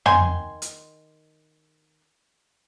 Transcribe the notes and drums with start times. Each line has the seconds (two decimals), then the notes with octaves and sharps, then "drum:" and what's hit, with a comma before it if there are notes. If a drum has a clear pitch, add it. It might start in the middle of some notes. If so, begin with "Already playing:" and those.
0.06 D#3 G#5 C6, drum: tom
0.62 drum: hi-hat